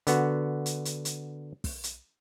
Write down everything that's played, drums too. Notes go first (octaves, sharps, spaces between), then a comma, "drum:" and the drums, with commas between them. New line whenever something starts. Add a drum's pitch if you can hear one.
D3 B3 F#4, drum: hi-hat
drum: hi-hat
drum: hi-hat
drum: hi-hat
drum: kick, open hi-hat
drum: hi-hat